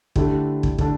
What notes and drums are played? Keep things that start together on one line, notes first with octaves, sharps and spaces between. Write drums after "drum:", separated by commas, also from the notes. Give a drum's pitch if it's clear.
D3 A3 D4 E4 G4 A4, drum: kick
drum: kick
D3 A3 D4 A4, drum: kick